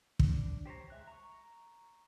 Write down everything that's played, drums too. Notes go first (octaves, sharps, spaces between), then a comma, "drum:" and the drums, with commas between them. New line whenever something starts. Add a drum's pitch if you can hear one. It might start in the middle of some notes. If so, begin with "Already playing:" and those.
D4, drum: kick
G4 C5 C#5 A#5
G#3 E5 F#6
A#5 C#6